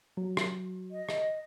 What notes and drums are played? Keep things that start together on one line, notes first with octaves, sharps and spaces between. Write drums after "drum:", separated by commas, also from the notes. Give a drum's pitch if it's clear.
F#3
drum: rim click
D#5
drum: rim click